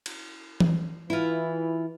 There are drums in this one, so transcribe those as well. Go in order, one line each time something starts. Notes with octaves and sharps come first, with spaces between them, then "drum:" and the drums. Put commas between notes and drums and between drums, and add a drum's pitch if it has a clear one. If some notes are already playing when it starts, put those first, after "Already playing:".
drum: cymbal
drum: tom E3
E3 E4 F4